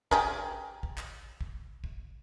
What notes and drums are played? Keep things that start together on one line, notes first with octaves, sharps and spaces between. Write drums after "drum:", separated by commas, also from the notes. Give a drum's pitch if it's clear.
G4 G#4 A#4, drum: kick
drum: kick
drum: clap
drum: kick
drum: kick